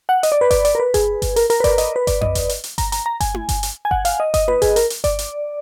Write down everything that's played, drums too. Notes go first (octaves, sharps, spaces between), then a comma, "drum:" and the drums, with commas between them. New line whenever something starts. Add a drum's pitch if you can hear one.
F#5
D#5, drum: hi-hat
D5
B4
D5, drum: kick G1, hi-hat
D5, drum: hi-hat
A#4
B4
G#4, drum: kick G1, hi-hat
drum: kick G1, hi-hat
A#4, drum: hi-hat
A#4, drum: hi-hat
B4
D5, drum: kick G1, hi-hat
D#5, drum: hi-hat
B4
D5, drum: kick G1, hi-hat
D#5, drum: tom F2
drum: kick G1, hi-hat
drum: hi-hat
drum: hi-hat
A#5, drum: kick G1, hi-hat
A#5, drum: hi-hat
A#5
G#5, drum: kick G1, hi-hat
drum: tom E4
drum: kick G1, hi-hat
drum: hi-hat
G#5
F#5, drum: kick G1
F5, drum: hi-hat
D#5
D#5, drum: kick G1, hi-hat
B4, drum: tom E4
G#4, drum: kick G1, hi-hat
A#4, drum: hi-hat
drum: hi-hat
D5, drum: kick G1, hi-hat
drum: hi-hat